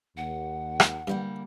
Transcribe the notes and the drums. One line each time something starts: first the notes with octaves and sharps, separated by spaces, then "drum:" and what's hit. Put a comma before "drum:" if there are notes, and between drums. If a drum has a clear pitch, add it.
D#2 F#5
drum: rim click
G2 D3 G3 A#3